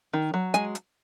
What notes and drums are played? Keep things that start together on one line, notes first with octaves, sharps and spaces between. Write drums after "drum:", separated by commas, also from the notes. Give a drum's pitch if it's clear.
D#3
F#3
G#3 G#5, drum: hi-hat
drum: hi-hat